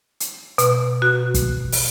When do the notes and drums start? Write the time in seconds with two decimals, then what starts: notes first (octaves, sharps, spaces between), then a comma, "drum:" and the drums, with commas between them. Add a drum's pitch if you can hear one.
0.20 drum: hi-hat
0.58 B2, drum: hi-hat
1.02 F#4
1.34 drum: kick, hi-hat
1.72 drum: open hi-hat